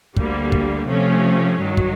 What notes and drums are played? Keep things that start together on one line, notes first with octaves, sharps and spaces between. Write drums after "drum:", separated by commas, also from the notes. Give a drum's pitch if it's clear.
D2 D3 G3 A#3, drum: kick
drum: kick
C3 F3 A3 C#4
G2 D#3 F#3
drum: kick